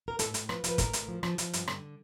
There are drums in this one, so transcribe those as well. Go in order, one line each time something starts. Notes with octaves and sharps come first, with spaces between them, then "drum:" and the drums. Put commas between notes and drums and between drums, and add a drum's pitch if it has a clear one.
A#4
A2 A4, drum: hi-hat
A2, drum: hi-hat
F3 B4, drum: rim click
F3 B4, drum: hi-hat
A2 A#4, drum: kick, hi-hat
A2, drum: hi-hat
F3
F3, drum: rim click
F3, drum: hi-hat
G2, drum: hi-hat
D3, drum: rim click